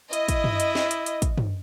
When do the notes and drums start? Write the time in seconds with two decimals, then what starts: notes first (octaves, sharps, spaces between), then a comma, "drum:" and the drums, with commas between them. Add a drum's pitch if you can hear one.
0.13 E4 D#5, drum: hi-hat
0.29 drum: kick, hi-hat
0.44 drum: tom
0.60 drum: hi-hat
0.75 drum: snare
0.91 drum: hi-hat
1.06 drum: hi-hat
1.22 drum: kick, hi-hat
1.38 drum: tom